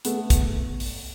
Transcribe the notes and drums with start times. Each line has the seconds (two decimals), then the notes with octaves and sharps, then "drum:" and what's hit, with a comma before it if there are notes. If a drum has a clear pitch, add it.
0.05 A3 B3, drum: hi-hat
0.30 drum: kick, hi-hat
0.80 drum: open hi-hat